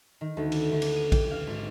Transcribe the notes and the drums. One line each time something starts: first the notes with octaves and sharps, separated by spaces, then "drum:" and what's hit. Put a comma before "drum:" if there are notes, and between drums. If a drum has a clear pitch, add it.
D#3
D2
drum: cymbal
D2
drum: cymbal
D#7
G5, drum: kick A#1, cymbal
F5
G#1